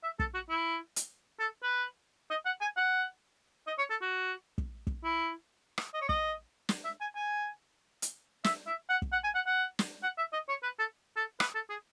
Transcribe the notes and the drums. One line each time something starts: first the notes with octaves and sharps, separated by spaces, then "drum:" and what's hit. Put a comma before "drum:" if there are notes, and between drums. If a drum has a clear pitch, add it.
E5
A4, drum: kick
F#4
E4
drum: hi-hat
A4
B4
D#5
F#5
G#5
F#5
D#5
C#5
A4
F#4
drum: kick
drum: kick
E4
drum: rim click
D#5
C#5
D#5, drum: kick
drum: snare
E5
G#5
G#5
drum: hi-hat
E5, drum: snare
E5
F#5
drum: kick
F#5
G#5
F#5
F#5
drum: snare
F#5
E5
D#5
C#5
B4
A4
A4
B4, drum: rim click
A4
G#4